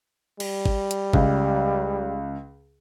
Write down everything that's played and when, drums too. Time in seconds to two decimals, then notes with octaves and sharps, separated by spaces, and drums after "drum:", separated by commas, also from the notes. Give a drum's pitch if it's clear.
0.40 G3, drum: cymbal
0.66 drum: kick
0.91 drum: hi-hat
1.13 C#2, drum: kick